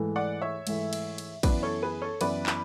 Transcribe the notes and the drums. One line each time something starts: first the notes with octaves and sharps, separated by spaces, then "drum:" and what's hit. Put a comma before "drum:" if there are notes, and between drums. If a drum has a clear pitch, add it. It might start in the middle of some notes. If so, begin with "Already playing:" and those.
Already playing: G#2 E3 A3
D5 F#5
C#5 E5
G#2 E3 A3, drum: cymbal
drum: cymbal
drum: cymbal
F#2 E3 B3 E4 B4 D5, drum: kick, cymbal
A4 C#5
G#4 B4
A4 C#5
F#2 E3 B3 E4 B4 D5, drum: cymbal
drum: clap